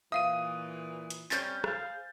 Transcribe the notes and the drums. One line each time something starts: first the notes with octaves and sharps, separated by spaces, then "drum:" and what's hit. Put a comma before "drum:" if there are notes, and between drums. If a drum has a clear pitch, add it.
A#2 E3 E5 F5 D#6 D#7
drum: hi-hat
C3 G3 C#4 G6 A6, drum: clap
G#4 C5 F5, drum: rim click